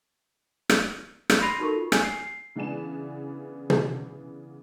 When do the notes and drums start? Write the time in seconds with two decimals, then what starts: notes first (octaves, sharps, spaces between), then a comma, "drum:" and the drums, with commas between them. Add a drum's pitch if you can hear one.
0.70 drum: rim click
1.30 drum: rim click
1.41 B5 C6 A#6 C7 D#7 F7
1.60 D#4 F#4 A4 A#4 C#6
1.75 F4
1.92 G#5, drum: rim click
2.04 C7
2.20 C7
2.55 C#3 E3 B3 D4 G#5 E7
3.70 drum: tom